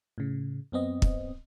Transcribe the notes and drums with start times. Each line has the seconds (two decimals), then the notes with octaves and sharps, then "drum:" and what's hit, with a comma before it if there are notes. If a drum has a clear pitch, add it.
0.18 A2 C#3
0.72 F#2 B3 C4 D#5
1.02 drum: kick